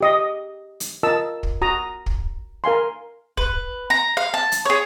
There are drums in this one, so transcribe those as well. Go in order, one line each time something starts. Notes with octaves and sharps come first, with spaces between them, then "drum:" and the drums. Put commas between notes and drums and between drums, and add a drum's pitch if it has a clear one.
G4 D#5 D#6
drum: hi-hat
F4 A#4 D#5 A5 E6
drum: kick
F#4 A#5 D#6
drum: kick
A#4 F5 G#5 C6
B4, drum: kick
A#5
F5
A5
drum: hi-hat
G#4 C#5